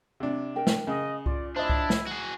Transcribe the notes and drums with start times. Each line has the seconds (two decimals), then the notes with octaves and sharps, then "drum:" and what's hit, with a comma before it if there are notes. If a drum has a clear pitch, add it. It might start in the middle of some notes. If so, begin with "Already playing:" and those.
0.20 C3 D4
0.56 A#4 G5
0.67 drum: snare
0.87 C#3 D#5
1.26 F4 D5, drum: kick C2
1.56 D4 E4 C5 D#5
1.69 drum: kick C2
1.90 drum: snare
2.07 F#4 G#4